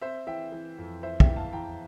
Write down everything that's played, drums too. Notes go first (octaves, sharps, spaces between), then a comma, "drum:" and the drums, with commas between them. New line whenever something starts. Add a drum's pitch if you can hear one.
C4 C5 E5
E3 E5 G5
E3
F2
E3 C5 E5
E5 G5, drum: kick
E2
F5 A5
E2 G5 A#5